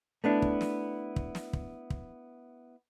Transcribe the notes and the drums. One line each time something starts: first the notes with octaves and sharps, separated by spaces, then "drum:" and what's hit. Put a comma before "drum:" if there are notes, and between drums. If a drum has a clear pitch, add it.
A3 B3 D4 E4
drum: kick
drum: snare
drum: kick
drum: snare
drum: kick
drum: kick